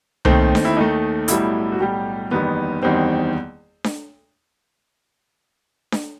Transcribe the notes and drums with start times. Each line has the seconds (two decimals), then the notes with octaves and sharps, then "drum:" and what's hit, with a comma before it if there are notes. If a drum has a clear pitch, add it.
0.25 D#2 D#3 A3 C4, drum: tom C2
0.55 drum: snare D4
0.65 E4
0.76 D#2 D#3 A3 D#4
1.28 B1 A2 G3 E4, drum: hi-hat
1.72 F#4
1.79 B1 A2 G3 G4
2.31 F#1 E2 D#3 G3 B3
2.83 F#1 E2 D#3 G3 C4
3.84 drum: snare D4
5.92 drum: snare D4